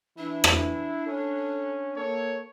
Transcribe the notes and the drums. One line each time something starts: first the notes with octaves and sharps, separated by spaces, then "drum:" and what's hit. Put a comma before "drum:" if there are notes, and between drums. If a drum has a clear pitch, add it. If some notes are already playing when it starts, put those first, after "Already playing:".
E3 D4 E4
drum: rim click
C#4 A4
A#3 A4 C#5